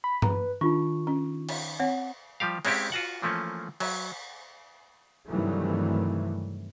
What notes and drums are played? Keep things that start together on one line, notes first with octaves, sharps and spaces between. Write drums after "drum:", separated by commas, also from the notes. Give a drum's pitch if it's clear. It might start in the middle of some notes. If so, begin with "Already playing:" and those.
B5
B4 A#5, drum: tom G2
D#3 D4 D#4 F4 C#6
C#4
drum: cymbal
C4 C#5 F#5
F3 G3 G4 F5
G#3 C4 C#4 E4 G4, drum: cymbal
F4 F#4 F#5
E3 F3 A3 A#3 C#4
F#3, drum: cymbal
G2 C3 D#3 E3 F#3 A3